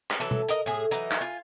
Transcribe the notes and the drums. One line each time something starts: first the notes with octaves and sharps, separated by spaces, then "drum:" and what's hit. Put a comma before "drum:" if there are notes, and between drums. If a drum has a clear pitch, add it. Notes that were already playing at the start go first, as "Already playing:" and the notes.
drum: clap
E3 F#3 A4
drum: tom B2
A#4 D#5, drum: hi-hat
A2 G#4
E3 F#3 D#4 A#5, drum: hi-hat
drum: clap
F4 G#5